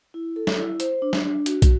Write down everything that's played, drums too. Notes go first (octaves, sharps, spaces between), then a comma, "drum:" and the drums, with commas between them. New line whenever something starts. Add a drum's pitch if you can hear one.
E4
A4
drum: snare
E4
C5, drum: hi-hat
D4
drum: snare
D4
F#4, drum: hi-hat
drum: kick, hi-hat